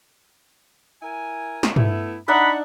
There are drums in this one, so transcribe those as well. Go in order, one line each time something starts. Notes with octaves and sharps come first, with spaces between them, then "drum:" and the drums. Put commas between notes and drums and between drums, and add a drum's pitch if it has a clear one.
E4 A#4 G#5
drum: snare
A3 B3 E4, drum: tom
D4 D#4 E5 F#5 B5